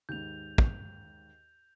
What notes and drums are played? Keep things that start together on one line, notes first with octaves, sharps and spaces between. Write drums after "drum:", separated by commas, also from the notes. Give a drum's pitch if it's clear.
D#2 G#2 G6 F7
drum: kick